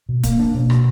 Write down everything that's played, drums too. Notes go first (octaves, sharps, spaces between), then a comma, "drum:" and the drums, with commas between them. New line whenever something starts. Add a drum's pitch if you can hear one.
B2
A#3, drum: kick, hi-hat
D4
B2
B2, drum: rim click